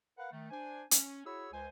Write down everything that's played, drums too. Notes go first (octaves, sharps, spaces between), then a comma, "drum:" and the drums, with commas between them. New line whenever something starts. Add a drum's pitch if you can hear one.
A#4 B4 F5 F#5
D#3 A3
D4 C5 G#5
C#4, drum: hi-hat
E4 F#4 G#4 C#5 B5 E6
C#2 C5 G#5